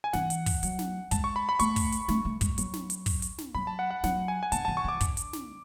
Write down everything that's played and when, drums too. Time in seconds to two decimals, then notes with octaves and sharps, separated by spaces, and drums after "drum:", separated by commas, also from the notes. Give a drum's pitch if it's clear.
0.04 G#5
0.13 E3 F#5, drum: snare
0.30 drum: hi-hat
0.46 drum: kick, open hi-hat
0.63 F#3, drum: hi-hat
0.79 drum: snare
1.11 G#3 A5, drum: kick, hi-hat
1.24 C#6
1.36 B5
1.49 B5
1.59 A3 C#6, drum: hi-hat
1.76 drum: kick, open hi-hat
1.92 drum: hi-hat
2.08 A3, drum: snare
2.25 A3
2.41 G#3, drum: kick, hi-hat
2.58 F#3, drum: hi-hat
2.74 drum: snare
2.90 drum: hi-hat
3.06 drum: kick, open hi-hat
3.22 drum: hi-hat
3.38 drum: snare
3.55 F#3 B5
3.67 A5
3.79 F#5
3.91 F#5
4.04 F#3 F#5, drum: snare
4.28 G#5
4.43 G#5
4.52 D3 A5, drum: hi-hat
4.65 E3 A5
4.77 C#6
4.84 E3 D6
5.01 D3, drum: kick, hi-hat
5.17 drum: hi-hat
5.33 drum: snare